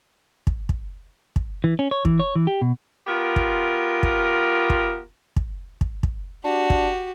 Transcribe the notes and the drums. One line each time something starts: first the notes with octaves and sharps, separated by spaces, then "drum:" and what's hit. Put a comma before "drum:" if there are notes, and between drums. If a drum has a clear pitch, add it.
drum: kick
drum: kick
drum: kick
E3
C#4
C#5
E3, drum: kick
C#5
E3
G4
B2
B3 F4 G4 A#4
drum: kick
drum: kick
drum: kick
drum: kick
drum: kick
drum: kick
D4 F#4 G4
drum: kick